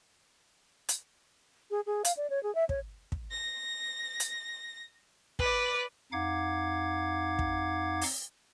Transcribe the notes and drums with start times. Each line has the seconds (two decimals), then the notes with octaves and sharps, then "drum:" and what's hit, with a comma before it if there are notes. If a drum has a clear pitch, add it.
0.89 drum: hi-hat
1.71 G#4
1.86 G#4
2.05 F5, drum: hi-hat
2.17 D5
2.30 C#5
2.43 G#4
2.55 E5
2.69 C#5, drum: kick
3.12 drum: kick
3.31 A#6
4.20 drum: hi-hat
5.39 B4 D5, drum: kick
6.12 F2 D#4 F5 F#5 D6 G#6
7.39 drum: kick
8.01 drum: open hi-hat